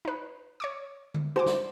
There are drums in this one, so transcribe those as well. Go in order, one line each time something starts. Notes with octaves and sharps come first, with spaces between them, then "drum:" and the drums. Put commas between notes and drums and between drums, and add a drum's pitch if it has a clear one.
D#4 B4
C#5 C#6 D6
drum: tom D3
F#4 C5 G#5 D6
drum: snare